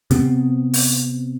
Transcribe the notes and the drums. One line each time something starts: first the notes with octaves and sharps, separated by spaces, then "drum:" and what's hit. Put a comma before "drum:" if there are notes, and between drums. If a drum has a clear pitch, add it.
C3 B3 C4, drum: hi-hat
drum: open hi-hat